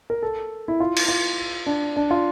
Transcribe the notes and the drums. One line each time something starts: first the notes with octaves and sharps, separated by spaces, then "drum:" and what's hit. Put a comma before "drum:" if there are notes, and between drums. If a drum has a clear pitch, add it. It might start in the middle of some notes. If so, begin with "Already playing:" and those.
A#4
A4
E4
F4
drum: cymbal
F4
D4
D4
F4